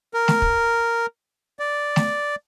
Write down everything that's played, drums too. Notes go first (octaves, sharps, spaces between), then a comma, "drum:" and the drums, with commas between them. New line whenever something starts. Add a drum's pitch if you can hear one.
A#4
drum: snare A3
drum: kick
D5
drum: snare A3